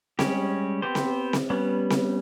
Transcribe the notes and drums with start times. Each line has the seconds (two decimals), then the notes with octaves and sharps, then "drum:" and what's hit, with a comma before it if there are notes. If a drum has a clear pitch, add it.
0.19 G3 G#3 C#4 G4, drum: snare C4
0.82 B3 C4 G4 C5
0.95 drum: snare C4
1.33 drum: snare C4
1.50 G3 B3 C#4
1.90 drum: snare C4